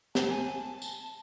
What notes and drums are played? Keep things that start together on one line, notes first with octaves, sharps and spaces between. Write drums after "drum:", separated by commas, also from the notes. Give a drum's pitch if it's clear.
A5, drum: snare
G#5
A5
drum: tambourine